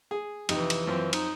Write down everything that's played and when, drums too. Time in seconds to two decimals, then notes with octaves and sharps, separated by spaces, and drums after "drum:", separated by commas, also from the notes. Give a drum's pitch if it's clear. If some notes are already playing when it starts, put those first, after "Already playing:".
0.11 G#4
0.49 F2 C3 E3 D#4, drum: cymbal
0.70 drum: cymbal
0.87 F#2 F3 C4
1.13 D#4, drum: cymbal